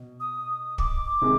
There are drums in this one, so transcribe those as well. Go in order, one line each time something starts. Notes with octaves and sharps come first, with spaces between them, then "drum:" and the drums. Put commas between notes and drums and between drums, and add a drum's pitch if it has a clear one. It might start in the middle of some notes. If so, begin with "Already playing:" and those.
Already playing: B2
D#6
D6, drum: kick
C3 D#3 G#3